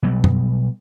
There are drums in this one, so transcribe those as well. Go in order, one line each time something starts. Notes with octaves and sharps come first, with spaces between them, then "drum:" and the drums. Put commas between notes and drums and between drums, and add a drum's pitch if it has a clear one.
B2 F#3 G3
drum: tom F#2